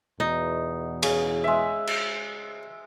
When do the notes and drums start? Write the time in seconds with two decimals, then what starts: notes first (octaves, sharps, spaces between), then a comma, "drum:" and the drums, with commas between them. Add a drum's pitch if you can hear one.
0.20 E2 B2 D#4
1.03 C#3, drum: cymbal
1.44 G#3 E5
1.87 drum: cymbal